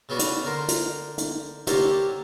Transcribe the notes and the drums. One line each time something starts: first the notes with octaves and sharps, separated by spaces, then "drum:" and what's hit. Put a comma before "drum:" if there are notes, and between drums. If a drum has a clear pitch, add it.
C#3 B3 D4 F#4
drum: hi-hat
D3 A#4 C5
drum: hi-hat
drum: hi-hat
D3 A#3 G4 A4 C5 C#5, drum: hi-hat